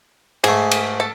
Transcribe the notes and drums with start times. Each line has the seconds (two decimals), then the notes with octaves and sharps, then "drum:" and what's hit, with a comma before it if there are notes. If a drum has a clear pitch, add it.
0.44 G#2 A3 G#4, drum: cymbal
0.71 drum: cymbal
1.00 A4 A5